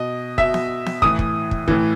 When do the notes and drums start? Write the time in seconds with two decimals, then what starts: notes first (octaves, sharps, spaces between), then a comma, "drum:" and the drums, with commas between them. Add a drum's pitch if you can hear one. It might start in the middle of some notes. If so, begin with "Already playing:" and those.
Already playing: B2 D#5
0.38 B2 E5, drum: kick
0.54 drum: snare B3
0.86 drum: snare B3
1.02 A2 E3 D#6, drum: kick
1.19 drum: kick
1.51 drum: kick
1.68 A2 E3, drum: kick